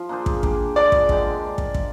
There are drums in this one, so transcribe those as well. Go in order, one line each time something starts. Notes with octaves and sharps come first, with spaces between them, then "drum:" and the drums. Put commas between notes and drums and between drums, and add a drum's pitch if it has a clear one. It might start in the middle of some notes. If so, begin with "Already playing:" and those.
Already playing: F3 F4
A#3 D4 G#4 C5
drum: kick
A#3 D4 G4, drum: kick
A#3 D4 F4 G#4 D5
drum: kick
D3 G#3 D4 G4, drum: kick
drum: kick
drum: kick